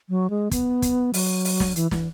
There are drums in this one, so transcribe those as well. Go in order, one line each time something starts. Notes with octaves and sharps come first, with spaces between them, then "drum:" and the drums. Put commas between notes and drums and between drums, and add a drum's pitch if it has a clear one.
F#3
G#3
B3, drum: kick, hi-hat
drum: kick, hi-hat
F#3, drum: open hi-hat
drum: open hi-hat
drum: snare
E3, drum: hi-hat
E3, drum: snare